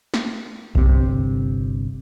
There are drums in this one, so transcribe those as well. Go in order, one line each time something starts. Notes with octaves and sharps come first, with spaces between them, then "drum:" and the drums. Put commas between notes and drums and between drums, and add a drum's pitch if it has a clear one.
drum: snare
G1 C3, drum: kick B1